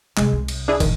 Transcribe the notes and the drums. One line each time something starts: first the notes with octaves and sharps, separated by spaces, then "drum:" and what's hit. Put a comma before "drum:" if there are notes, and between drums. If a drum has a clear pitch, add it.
C3 G3 G#3, drum: clap
C2
drum: cymbal
D4 E4 G#4
A2 D3 D#3 F#3, drum: kick, cymbal